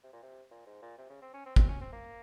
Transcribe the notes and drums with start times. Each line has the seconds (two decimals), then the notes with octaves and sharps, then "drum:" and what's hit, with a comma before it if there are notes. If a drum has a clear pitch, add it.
0.03 C3
0.13 A#2
0.23 C3
0.51 A#2
0.66 G#2
0.82 A#2
0.98 C3
1.10 C#3
1.22 C4
1.34 C#4
1.46 C4
1.56 C4, drum: kick
1.69 C#4
1.81 C4
1.93 A#3